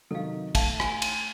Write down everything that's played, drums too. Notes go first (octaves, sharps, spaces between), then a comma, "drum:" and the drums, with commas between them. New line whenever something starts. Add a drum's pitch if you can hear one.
C3 D#3 F#3 A4 F5
A3 E5 F5 A5, drum: kick, cymbal
G#5 C6, drum: rim click
drum: cymbal